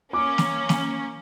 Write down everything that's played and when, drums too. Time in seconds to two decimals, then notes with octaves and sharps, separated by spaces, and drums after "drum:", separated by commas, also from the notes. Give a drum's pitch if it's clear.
0.13 A#3 C#4 D6
0.38 drum: snare
0.69 drum: snare